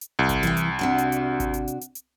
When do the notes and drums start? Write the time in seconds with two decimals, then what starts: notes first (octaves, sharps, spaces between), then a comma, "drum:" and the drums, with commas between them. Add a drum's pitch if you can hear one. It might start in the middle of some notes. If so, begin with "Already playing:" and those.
0.01 drum: hi-hat
0.19 C2
0.29 drum: kick G#1, hi-hat
0.43 E3 G5, drum: hi-hat
0.57 drum: hi-hat
0.79 C3 D4 F#4
0.98 drum: hi-hat
1.12 drum: hi-hat
1.40 drum: kick G#1, hi-hat
1.54 drum: hi-hat
1.68 drum: hi-hat
1.81 drum: hi-hat
1.95 drum: hi-hat